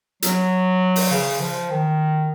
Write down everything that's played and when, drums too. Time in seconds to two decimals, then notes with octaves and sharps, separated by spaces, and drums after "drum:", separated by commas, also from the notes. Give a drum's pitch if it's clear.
0.22 F#3, drum: hi-hat
0.96 drum: open hi-hat
1.11 C#3
1.40 F3
1.70 D#3